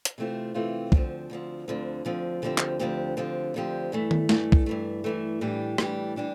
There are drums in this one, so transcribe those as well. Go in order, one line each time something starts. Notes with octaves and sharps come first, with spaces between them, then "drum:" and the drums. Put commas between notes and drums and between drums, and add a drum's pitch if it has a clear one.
drum: hi-hat
C3 E3 A3 C4 F4
C3 E3 A3 C4 F4
D2 D3 F3 C4, drum: kick B1
D2 D3 F3 C4
D2 D3 F3 C4
D2 D3 F3 C4
D2 D3 F3 C4 G4
drum: clap
D2 D3 F3 C4 G4
D2 D3 F3 C4 G4
D2 D3 F3 C4 G4
G2 E3 A3
drum: tom D#3
G2 E3 A3, drum: snare
drum: kick B1
G2 E3 A3
G2 E3 A3
A2 E3 G3 D4 G4
A2 E3 G3 D4 G4, drum: rim click
E3 G3 D4 G4